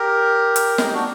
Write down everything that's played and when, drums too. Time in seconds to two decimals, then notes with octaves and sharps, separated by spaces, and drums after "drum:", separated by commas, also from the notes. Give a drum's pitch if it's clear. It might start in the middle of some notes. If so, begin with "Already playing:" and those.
Already playing: G4 A#4
0.56 drum: hi-hat
0.78 D#4 G4, drum: snare
0.93 D4 F#4